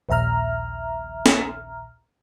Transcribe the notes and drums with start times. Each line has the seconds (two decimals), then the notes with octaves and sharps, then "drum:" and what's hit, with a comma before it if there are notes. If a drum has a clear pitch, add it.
0.09 A#1 D#2 E5 A#5 F6
1.26 drum: snare